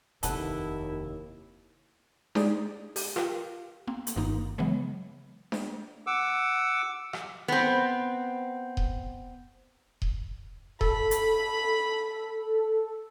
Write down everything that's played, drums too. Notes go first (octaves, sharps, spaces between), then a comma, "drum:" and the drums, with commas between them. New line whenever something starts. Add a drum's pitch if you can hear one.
F1 D#2 C3 E4 A4 B4 F#5, drum: hi-hat
G#3 D#4 G4 G#4 D5, drum: snare D4
G4, drum: open hi-hat
F4 G4 A#4 B4 F5 G5, drum: rim click
A#3 C4
drum: hi-hat
G1 G2 D#3 A#3 D#4 A#5
C#3 E3 F#3 G#3 B3
drum: snare D4
F#5 D6 E6
drum: rim click
B3 C4
drum: kick D#1
drum: kick D#1
A4 B5, drum: kick D#1
drum: hi-hat